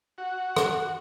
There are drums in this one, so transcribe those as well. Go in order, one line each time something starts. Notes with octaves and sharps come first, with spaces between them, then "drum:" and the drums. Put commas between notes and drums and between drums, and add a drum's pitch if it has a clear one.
F#4
drum: rim click